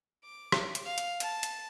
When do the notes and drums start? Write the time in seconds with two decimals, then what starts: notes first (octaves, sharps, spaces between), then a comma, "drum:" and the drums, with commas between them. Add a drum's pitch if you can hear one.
0.25 D6
0.52 drum: rim click
0.75 drum: hi-hat
0.85 F5
0.98 drum: hi-hat
1.20 A5, drum: hi-hat
1.43 drum: hi-hat